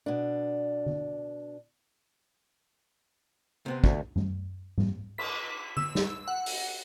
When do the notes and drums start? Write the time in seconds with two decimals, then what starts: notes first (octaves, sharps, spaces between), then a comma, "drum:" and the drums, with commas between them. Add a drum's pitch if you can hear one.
0.06 B2 D4
0.86 drum: tom D3
3.66 C3 B3 C4
3.84 D2, drum: kick
4.16 drum: tom F#2
4.78 drum: tom G#2
5.18 B6, drum: cymbal
5.77 E6, drum: tom D3
5.95 drum: snare
6.28 F#5
6.46 drum: open hi-hat